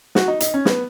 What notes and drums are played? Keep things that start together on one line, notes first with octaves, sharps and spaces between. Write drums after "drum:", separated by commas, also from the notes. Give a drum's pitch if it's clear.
F#4, drum: snare
D#4
D#4, drum: hi-hat
C#4
B3, drum: snare